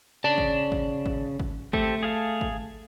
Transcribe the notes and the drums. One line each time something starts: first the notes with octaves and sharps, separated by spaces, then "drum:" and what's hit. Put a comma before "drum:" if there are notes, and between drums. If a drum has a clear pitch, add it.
C#3 D5 A5
drum: kick G#1
drum: kick G#1
drum: kick G#1
drum: kick G#1
A3 C4 G4 A4, drum: kick G#1
G#4 F5 A5
drum: kick G#1